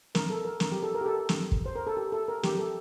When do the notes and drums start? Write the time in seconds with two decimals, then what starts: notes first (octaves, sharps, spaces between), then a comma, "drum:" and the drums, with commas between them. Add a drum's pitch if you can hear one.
0.15 A#4, drum: snare
0.30 A4
0.45 A#4
0.60 A#4, drum: snare
0.72 G4
0.83 A4
0.95 A#4
1.01 G4
1.06 A4
1.29 drum: snare
1.52 drum: kick
1.66 C5
1.76 A#4
1.87 A4
1.97 G4
2.12 A4
2.28 A#4
2.43 G4, drum: snare
2.59 A4